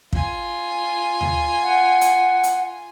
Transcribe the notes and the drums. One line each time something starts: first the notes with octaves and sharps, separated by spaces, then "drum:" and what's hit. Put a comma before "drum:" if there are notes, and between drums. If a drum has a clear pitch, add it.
F4 G#5, drum: kick
drum: tom D2
F#5
drum: hi-hat
drum: hi-hat